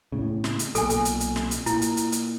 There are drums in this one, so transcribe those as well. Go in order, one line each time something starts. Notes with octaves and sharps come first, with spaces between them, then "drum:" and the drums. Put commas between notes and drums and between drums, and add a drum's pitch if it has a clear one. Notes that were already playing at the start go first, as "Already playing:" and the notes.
A2 C#3
drum: snare
drum: hi-hat
B1 A#2 A4 G#5, drum: hi-hat
drum: hi-hat
drum: hi-hat
drum: hi-hat
drum: snare
drum: hi-hat
A#2 E4, drum: hi-hat
drum: hi-hat
drum: hi-hat
drum: hi-hat